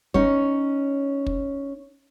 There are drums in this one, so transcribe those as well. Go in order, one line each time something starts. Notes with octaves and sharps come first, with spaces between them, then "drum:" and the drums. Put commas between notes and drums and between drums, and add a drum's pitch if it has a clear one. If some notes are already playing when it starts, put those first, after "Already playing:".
C#4 D#4 C#5, drum: kick
drum: kick